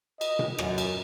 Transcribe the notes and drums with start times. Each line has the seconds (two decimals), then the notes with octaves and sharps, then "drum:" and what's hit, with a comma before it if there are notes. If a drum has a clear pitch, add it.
0.21 D#5, drum: cymbal
0.39 drum: tom A#2
0.58 F#2, drum: rim click
0.78 drum: cymbal